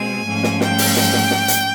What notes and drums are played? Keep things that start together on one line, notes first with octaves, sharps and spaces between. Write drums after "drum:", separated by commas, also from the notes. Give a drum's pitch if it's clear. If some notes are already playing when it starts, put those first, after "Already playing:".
Already playing: B2 G#3 C4 G#5
G#2 F3 A3 C#4
drum: snare
G5, drum: snare
drum: open hi-hat
G5, drum: snare
drum: snare
drum: snare
drum: hi-hat